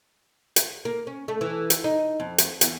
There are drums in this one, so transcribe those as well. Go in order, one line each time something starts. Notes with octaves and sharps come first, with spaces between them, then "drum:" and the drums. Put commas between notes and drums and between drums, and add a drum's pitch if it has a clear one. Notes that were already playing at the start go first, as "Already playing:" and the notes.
drum: hi-hat
A#3
C#4
A3
E3
drum: hi-hat
D#4
F2
drum: hi-hat
E2, drum: hi-hat